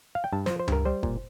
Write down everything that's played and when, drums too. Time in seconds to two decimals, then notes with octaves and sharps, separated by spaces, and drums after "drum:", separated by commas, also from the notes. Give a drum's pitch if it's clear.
0.15 F5
0.24 G5
0.32 G2 A5
0.46 F3 C5, drum: snare
0.59 C5
0.68 G2 A#4, drum: tom C#2
0.85 G3 C5
1.03 A#2, drum: kick F#1